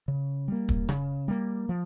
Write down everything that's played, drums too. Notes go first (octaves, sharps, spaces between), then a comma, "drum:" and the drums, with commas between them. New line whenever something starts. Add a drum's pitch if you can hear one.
C#3
G3 A#3
drum: kick
C#3, drum: rim click
G3 A#3
F3